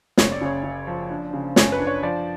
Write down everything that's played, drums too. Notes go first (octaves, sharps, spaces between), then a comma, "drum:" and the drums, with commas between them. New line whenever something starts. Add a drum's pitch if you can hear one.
F#1 C#5, drum: snare
D5
C#3 C#5
C#3
F3
D4
C#3
F#2 C#5, drum: snare
B4
D4
C#5
F3 D5